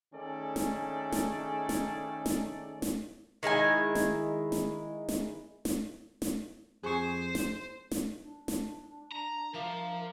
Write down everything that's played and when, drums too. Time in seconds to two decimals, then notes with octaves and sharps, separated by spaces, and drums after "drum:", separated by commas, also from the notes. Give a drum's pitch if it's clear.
0.13 D#3 A3 C#4 G#4 A4 D5
0.56 drum: snare
1.12 drum: snare
1.69 drum: snare
2.26 drum: snare
2.82 drum: snare
3.43 D#3 G#3 E4 G#5
3.95 drum: snare
4.52 drum: snare
5.09 drum: snare
5.65 drum: snare
6.22 drum: snare
6.84 F2 G#4 C5 C#6
7.35 drum: snare
7.91 drum: snare
8.22 D4
8.48 drum: snare
9.12 A#5
9.54 F3 A#4 E5 F5 D6